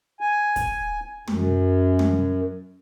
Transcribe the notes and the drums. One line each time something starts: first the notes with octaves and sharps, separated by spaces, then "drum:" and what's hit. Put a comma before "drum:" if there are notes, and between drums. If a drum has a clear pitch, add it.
G#5
drum: kick, hi-hat
F#2, drum: tom
drum: tom